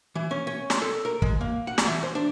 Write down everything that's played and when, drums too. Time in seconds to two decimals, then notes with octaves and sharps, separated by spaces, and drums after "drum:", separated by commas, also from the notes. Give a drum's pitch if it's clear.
0.15 E3
0.31 C#4
0.47 C#4
0.70 C6, drum: snare
0.82 A4
1.05 A#4
1.22 G#3, drum: kick
1.41 A#3
1.67 F#5
1.78 drum: snare
1.87 E3
2.03 C5
2.15 D4